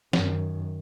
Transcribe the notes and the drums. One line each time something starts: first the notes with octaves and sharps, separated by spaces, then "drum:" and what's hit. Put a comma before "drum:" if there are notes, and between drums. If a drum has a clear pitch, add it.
F#2 D#3, drum: snare